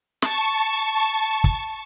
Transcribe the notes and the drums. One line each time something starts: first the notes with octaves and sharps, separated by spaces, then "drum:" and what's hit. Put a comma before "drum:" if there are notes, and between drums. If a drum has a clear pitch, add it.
A5 C#6, drum: snare
drum: kick